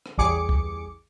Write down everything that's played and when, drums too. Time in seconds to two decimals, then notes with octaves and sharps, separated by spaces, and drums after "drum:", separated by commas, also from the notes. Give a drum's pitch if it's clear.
0.06 drum: rim click
0.18 A1 E2 G3 G#4 D6 C#7
0.49 drum: kick C#2